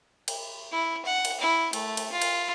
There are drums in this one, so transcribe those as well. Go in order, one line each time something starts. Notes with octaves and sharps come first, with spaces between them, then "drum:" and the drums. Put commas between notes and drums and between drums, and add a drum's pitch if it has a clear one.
drum: cymbal
E4
F#5
drum: cymbal
E4
A3, drum: cymbal
drum: cymbal
F4
drum: cymbal